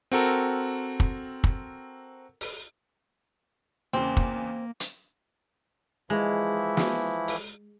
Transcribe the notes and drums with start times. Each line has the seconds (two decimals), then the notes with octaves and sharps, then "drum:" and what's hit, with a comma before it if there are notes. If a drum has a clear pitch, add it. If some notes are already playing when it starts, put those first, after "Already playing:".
0.12 C4 F#4 A4 A#4
1.00 drum: kick
1.44 drum: kick
2.41 drum: open hi-hat
3.93 E2 C#3 A#3 C4
4.17 drum: kick
4.80 drum: hi-hat
6.10 E3 F3 G#3 E4
6.77 drum: snare
7.28 drum: open hi-hat